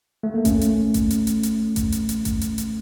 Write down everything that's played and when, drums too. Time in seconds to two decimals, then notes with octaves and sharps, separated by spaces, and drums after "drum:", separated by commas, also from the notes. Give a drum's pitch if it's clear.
0.23 A3
0.34 A#3
0.45 A3 C#4, drum: kick A1, hi-hat
0.61 drum: hi-hat
0.94 drum: kick A1, hi-hat
1.11 drum: hi-hat
1.27 drum: hi-hat
1.43 drum: hi-hat
1.76 drum: kick A1, hi-hat
1.92 drum: hi-hat
2.09 drum: hi-hat
2.25 drum: kick A1, hi-hat
2.41 drum: hi-hat
2.58 drum: hi-hat